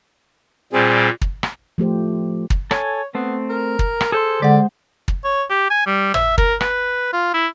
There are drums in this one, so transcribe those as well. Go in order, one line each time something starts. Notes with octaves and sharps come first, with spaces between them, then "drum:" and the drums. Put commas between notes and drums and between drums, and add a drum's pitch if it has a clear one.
A#2 G3 C4 G#4
drum: kick
drum: rim click
F3 A3 G4 C5
drum: kick
A4 C#5 G#5, drum: rim click
A3 B3 C4
A#4
drum: kick
drum: rim click
G#4 A4 C5 C6
D3 G#3 D5 F#5
drum: kick
C#5
G4
G#5
G3
E5, drum: tom G#1
A#4, drum: kick
B4, drum: rim click
F4
E4